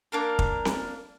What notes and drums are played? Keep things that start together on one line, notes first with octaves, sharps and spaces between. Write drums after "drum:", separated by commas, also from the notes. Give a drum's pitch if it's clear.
A#3 D4 A#4
drum: kick
drum: snare C4